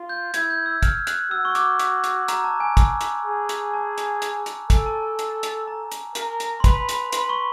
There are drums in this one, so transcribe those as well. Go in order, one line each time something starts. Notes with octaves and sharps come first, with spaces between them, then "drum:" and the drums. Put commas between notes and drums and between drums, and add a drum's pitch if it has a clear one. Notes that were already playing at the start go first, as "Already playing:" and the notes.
Already playing: F4
G6
E4 G#6, drum: hi-hat
G6
E6
F6, drum: kick, hi-hat
F#6, drum: hi-hat
F#4 E6
C#6
D6, drum: hi-hat
drum: hi-hat
drum: hi-hat
A#5, drum: hi-hat
A5
G#5
G#5, drum: kick, hi-hat
drum: hi-hat
G#4
drum: hi-hat
A5
drum: hi-hat
drum: hi-hat
drum: hi-hat
A4 G#5, drum: kick, hi-hat
A5
A5
drum: hi-hat
drum: hi-hat
A#5
drum: hi-hat
A#4, drum: hi-hat
drum: hi-hat
C6
B4 B5, drum: kick, hi-hat
B5, drum: hi-hat
B4 C6, drum: hi-hat
C#6